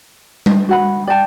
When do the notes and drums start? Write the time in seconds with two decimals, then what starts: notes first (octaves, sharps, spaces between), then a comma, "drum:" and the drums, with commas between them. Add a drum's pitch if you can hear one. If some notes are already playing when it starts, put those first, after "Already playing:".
0.46 drum: tom G3
0.69 F#4 F#5 B5
1.07 D5 G5 A5